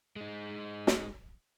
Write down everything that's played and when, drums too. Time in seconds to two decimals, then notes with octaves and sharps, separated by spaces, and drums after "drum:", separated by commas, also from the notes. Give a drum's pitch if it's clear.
0.16 G#3 D#4
0.87 drum: snare